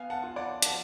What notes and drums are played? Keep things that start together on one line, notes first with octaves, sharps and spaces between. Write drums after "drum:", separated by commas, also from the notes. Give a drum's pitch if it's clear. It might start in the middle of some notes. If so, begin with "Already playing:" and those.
Already playing: B3 F5 G#5
F#5 A5
F4
D5 F#5
F3 F#5 A5, drum: hi-hat